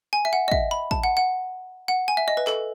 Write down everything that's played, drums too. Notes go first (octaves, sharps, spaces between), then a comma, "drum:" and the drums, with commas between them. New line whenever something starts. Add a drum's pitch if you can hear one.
G#5
E5
F#5
D#5
E5, drum: kick
B5
A5, drum: kick
F#5
F#5
F#5
G#5
E5
D#5
B4
A4, drum: clap